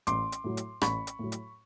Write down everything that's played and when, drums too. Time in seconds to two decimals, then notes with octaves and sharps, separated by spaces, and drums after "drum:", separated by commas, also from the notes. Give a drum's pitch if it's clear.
0.07 A1 C6 D6, drum: hi-hat
0.32 drum: hi-hat
0.44 A2 F#3
0.57 drum: hi-hat
0.81 A1 B5 C#6, drum: rim click
1.07 drum: hi-hat
1.19 A2 F#3
1.32 drum: hi-hat